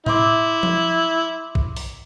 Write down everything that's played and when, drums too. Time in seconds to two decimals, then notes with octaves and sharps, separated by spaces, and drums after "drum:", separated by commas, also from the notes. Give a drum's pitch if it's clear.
0.06 E4 E5 C6 D6, drum: tom A2
0.63 drum: tom F3
1.55 drum: kick
1.76 drum: open hi-hat